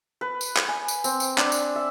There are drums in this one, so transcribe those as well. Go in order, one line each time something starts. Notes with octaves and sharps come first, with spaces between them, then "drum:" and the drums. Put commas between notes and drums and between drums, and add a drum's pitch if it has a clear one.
B4
drum: tambourine
drum: clap
G#5
drum: tambourine
C4, drum: tambourine
drum: tambourine
D4, drum: clap
drum: tambourine
E5